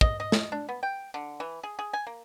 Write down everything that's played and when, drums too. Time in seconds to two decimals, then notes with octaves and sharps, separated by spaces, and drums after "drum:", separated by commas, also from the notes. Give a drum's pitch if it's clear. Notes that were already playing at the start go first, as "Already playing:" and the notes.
0.01 D#5, drum: kick
0.20 D#5
0.32 drum: snare
0.52 D4
0.69 B3
0.83 G5
1.14 D3
1.40 E3
1.63 G#4
1.79 G#4
1.93 G#5
2.07 A#3